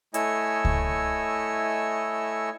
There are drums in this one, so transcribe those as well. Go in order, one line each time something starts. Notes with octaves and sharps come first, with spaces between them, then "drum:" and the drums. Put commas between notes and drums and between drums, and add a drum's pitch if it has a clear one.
A3 E4 C#5 D#5 G#5 E6, drum: hi-hat
drum: kick C#2